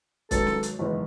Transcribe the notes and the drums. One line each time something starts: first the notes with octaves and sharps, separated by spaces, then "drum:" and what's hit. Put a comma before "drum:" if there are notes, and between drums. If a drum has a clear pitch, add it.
G#2 D#3 F#3 B3 A4, drum: kick C#1, hi-hat
drum: snare
drum: hi-hat
F#1 E2 D#3 G#3 B3